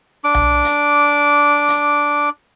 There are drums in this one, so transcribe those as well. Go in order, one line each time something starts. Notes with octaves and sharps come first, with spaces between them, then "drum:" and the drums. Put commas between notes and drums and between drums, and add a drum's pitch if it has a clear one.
D4 D6
drum: tom B1
drum: hi-hat
drum: hi-hat